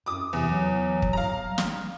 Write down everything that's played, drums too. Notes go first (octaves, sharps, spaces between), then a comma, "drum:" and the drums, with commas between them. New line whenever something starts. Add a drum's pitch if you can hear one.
F#2 D6 D#6
E2 C3
F#3
drum: kick
F5 A#5
G3
drum: snare